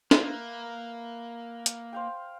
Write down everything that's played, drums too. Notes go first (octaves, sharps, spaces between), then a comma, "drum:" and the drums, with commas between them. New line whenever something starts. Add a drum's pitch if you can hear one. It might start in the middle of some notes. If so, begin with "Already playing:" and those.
A#3 A#4 B4 E5, drum: snare
drum: hi-hat
C5 F5 G5